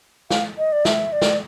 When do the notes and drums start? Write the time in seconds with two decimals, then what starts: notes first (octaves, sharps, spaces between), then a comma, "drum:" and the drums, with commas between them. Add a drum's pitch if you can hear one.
0.30 F5, drum: snare
0.58 D#5
0.72 D5
0.85 E5, drum: snare
1.12 D5
1.22 drum: snare